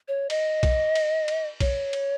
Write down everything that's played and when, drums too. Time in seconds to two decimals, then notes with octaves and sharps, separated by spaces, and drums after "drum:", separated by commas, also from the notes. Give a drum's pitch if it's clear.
0.08 C#5
0.30 D#5, drum: cymbal
0.63 drum: kick B1, cymbal
0.95 drum: cymbal
1.28 drum: cymbal
1.60 C#5, drum: kick B1, cymbal
1.93 drum: cymbal